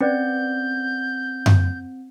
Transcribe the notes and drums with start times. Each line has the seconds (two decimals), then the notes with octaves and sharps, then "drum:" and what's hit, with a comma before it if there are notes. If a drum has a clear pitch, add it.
0.01 C4 C#4 B4 D5 G6
1.46 drum: tom F#2